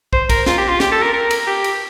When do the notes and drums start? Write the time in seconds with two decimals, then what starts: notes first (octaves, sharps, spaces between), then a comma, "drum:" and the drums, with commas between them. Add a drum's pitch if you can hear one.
0.13 C5, drum: kick
0.30 A#4, drum: kick, cymbal
0.46 F4, drum: snare
0.58 G4
0.69 F4
0.80 G4, drum: snare
0.92 A4
1.03 A#4
1.13 A#4
1.31 drum: cymbal
1.47 G4
1.64 drum: cymbal